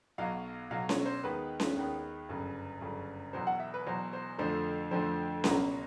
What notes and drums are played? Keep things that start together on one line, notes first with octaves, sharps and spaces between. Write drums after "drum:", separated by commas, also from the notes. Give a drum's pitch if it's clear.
B1 B2 F#3 F5
B1 B2 F#3 F5
C#5, drum: snare C#4
C5
D#2 D#3 G#3 B3 B4
drum: snare C#4
D#2 D#3 G#3 B3
G1 F#2 C#3
G1 F#2 C#3
E1 E2 B2 F#3 C5
F#5
E5
B4
E1 E2 B2 F#3 C5
C5
F2 D3 F3 A3 C5
F2 D3 F3 A3 C5
C#2 B2 F#3 A#3, drum: snare C#4